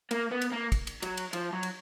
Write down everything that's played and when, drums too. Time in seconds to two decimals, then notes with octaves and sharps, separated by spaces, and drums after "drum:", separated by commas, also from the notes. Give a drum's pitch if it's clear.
0.11 A#3, drum: cymbal
0.31 B3
0.42 drum: cymbal
0.52 A#3
0.72 drum: kick, cymbal
0.87 drum: cymbal
1.02 F#3, drum: cymbal
1.17 drum: cymbal
1.33 F3, drum: cymbal
1.53 F#3
1.63 drum: cymbal